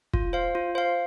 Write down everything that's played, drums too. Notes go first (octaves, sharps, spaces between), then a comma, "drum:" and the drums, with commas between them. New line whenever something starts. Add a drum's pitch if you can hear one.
F4, drum: kick
C5 F5
F4
C5 F5